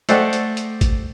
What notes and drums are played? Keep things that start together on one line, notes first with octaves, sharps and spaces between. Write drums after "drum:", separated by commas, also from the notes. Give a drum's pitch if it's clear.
A3 C5 D5 D#5 F#5 G5, drum: hi-hat
drum: hi-hat
drum: hi-hat
drum: kick G#1, hi-hat